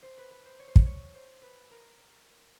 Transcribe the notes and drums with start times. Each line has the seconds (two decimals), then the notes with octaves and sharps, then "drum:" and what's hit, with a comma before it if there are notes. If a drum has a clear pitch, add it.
0.03 C5
0.18 B4
0.31 B4
0.45 C5
0.59 C#5
0.68 C5
0.76 C#5, drum: kick
0.86 C#5
1.14 C5
1.42 B4
1.71 A#4